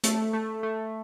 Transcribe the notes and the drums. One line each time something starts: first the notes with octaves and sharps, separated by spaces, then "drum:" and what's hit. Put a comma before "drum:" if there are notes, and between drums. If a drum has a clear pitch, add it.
A3, drum: hi-hat
A3
A3